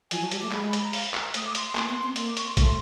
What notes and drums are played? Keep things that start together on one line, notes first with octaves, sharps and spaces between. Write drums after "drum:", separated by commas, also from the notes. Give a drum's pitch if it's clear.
F3 G#5, drum: hi-hat
F#3
A5
G3, drum: hi-hat
A3 D6
G#3 B5, drum: clap
B5
B5, drum: hi-hat
A#5
F5, drum: open hi-hat
A#5, drum: clap
A3 D#6, drum: hi-hat
D6
C6, drum: hi-hat
C6
A#3 C6, drum: clap
B3
C4
A#3, drum: hi-hat
D6
C#6, drum: hi-hat
C6
C#6
A3 C6, drum: kick A#1, hi-hat